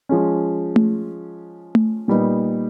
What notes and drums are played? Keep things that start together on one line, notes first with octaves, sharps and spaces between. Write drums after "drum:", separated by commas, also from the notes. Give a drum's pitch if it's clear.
F3 G#3 C#4
drum: tom A3
drum: tom A3
A#2 G3 B3 D#4